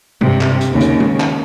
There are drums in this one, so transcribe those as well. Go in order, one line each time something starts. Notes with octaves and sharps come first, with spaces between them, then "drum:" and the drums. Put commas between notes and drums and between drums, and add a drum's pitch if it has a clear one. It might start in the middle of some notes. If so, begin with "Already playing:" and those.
G2 C3, drum: tom G#3
drum: clap
drum: hi-hat
D#2 C#3
drum: hi-hat
drum: tom G#3
drum: clap